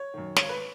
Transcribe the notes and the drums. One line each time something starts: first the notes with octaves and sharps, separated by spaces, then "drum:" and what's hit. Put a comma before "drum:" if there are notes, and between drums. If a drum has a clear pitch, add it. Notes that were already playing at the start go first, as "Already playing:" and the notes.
Already playing: C#5
F#2 D#3
G#1 C#5, drum: snare
B4